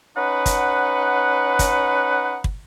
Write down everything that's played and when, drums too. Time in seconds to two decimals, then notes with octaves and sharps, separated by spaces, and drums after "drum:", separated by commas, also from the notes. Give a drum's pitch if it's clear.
0.17 C#4 D#4 B4 F#5
0.46 drum: kick, hi-hat
1.59 drum: kick, hi-hat
2.44 drum: kick